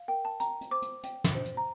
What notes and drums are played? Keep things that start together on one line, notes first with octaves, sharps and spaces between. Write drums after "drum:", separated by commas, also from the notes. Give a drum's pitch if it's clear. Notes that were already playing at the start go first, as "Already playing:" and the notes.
Already playing: F5
A#4 G5
A5
G5 A#5, drum: hi-hat
drum: hi-hat
C5 D6
drum: hi-hat
G5, drum: hi-hat
drum: snare
C5
drum: hi-hat
A#5